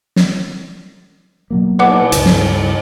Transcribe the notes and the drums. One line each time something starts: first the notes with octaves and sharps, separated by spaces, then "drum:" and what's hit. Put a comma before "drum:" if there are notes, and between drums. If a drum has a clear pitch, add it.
drum: snare
B2 F#3 A#3
B4 F#5 D6, drum: cymbal
C#2 G2, drum: hi-hat
drum: snare